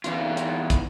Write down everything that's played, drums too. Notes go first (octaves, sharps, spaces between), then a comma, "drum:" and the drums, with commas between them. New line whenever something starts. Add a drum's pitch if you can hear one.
E2 F4, drum: hi-hat
drum: hi-hat
drum: kick, hi-hat